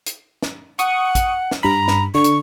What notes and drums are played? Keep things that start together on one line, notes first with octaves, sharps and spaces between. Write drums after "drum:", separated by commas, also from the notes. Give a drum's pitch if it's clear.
drum: hi-hat
drum: snare
F#5 C#6 D#6, drum: hi-hat
drum: kick, hi-hat
drum: snare
G2 A#5 B5
drum: snare
D3 C#6
drum: hi-hat